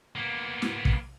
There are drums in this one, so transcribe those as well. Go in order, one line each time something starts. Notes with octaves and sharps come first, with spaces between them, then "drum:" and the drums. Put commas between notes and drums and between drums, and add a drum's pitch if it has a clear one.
A#3 B3
drum: snare
drum: kick